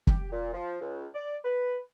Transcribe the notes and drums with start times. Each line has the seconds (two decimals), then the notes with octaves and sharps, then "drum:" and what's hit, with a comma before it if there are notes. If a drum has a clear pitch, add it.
0.07 G4, drum: kick
0.32 A#2
0.54 F3
0.81 C#2
1.14 D5
1.44 B4